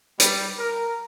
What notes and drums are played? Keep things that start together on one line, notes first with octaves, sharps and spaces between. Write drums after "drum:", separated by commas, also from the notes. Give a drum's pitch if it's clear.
G3, drum: hi-hat
A#4